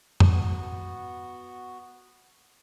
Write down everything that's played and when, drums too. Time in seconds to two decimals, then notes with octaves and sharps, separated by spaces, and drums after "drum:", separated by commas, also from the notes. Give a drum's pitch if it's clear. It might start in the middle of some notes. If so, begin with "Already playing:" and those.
0.20 B3 F#4, drum: tom F2